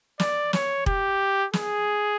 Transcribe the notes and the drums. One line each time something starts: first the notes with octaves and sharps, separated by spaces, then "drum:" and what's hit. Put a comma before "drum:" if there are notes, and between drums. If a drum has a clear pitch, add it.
D5, drum: snare
C#5, drum: snare
G4, drum: kick F1
G#4, drum: snare